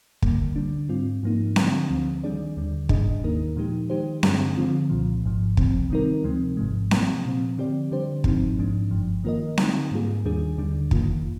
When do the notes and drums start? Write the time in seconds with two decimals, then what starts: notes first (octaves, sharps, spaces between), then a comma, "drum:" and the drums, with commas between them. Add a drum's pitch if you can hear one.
0.22 D2 D3 G3 A#3, drum: kick
0.56 D3 G3 D4
0.89 G#2 G3 C4 F4
1.23 G#2 F3 A#3 D#4
1.56 D3 F3 G#3 D4, drum: snare C4
1.89 D2 D3 F3 C4
2.24 D#3 G3 D4 G#4 D5
2.57 D#2 D3 G3
2.89 G#2 G3 D4 G#4 D#5, drum: kick
3.24 D#2 D#3 A#3 D#4 A#4
3.56 A#2 F3 G#3 D#4 G4
3.90 D#3 G#3 D#4 G4 C5
4.23 G2 D3 G3 D4 G#4, drum: snare C4
4.57 D3 F3 G#3 C4 F4
4.90 C2 A#2 F3
5.24 G#1 G#2 F3
5.57 C2 C3 F3 C4, drum: kick
5.90 D#3 G3 C4 D#4 A#4
6.24 D2 C3 F3 G#3 C4
6.57 G#1 G#2 F3 G#3
6.91 C3 F3 A#3, drum: snare C4
7.24 A#2 F3 C4
7.58 D3 F3 C4 G4 D5
7.91 D3 G3 D4 G4 C5
8.24 G#1 G#2 F3 C4 D#4, drum: kick
8.58 A#1 G#2 F3 G#3 D4
8.91 G1 G2 F3
9.24 D#3 A#3 F4 A#4 D#5
9.57 D3 G#3 D#4, drum: snare C4
9.91 G#2 G3 A#3 F4 G#4
10.24 D#2 D#3 G3 D4 G#4
10.58 D#2 D3 G3 D4
10.91 F2 D#3 A#3 F4, drum: kick